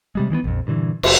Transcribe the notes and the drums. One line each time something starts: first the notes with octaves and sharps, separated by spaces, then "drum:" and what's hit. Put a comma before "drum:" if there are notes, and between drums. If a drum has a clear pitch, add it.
C3 G3 G#3
D#3 E3 A#3 B3
A#1 F2
G2 A#2 D3 E3
F#1, drum: cymbal